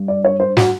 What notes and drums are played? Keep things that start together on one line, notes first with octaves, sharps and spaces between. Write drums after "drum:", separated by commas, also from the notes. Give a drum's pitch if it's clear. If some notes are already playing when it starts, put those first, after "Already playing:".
Already playing: G2
D5
C#5
C5
F#4, drum: snare